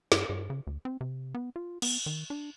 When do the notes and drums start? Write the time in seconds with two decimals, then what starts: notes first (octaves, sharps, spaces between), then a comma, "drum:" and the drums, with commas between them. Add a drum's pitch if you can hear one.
0.12 G2, drum: snare
0.29 G2
0.50 C#3
0.67 D2
0.85 C4
1.01 C3
1.35 B3
1.56 F4
1.82 B3, drum: cymbal
2.06 D#3
2.30 D4